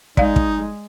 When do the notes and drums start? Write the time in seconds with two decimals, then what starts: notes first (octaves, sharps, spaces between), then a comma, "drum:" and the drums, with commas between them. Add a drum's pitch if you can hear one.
0.17 G#3 D#4 D5 F5, drum: kick
0.36 drum: kick